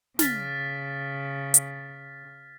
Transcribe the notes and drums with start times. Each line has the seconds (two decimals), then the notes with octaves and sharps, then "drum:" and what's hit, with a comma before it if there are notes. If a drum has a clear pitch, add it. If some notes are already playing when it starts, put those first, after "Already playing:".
0.19 C#3 F6 A6 B6, drum: snare
1.54 drum: hi-hat